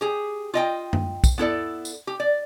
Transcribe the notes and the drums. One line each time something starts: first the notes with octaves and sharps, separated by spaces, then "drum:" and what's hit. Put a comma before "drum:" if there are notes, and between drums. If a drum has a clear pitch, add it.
G4 G#4
F4 D#5 G5
drum: tom F#2
drum: kick, tambourine
B3 E4 A4 D5
drum: tambourine
G4
D5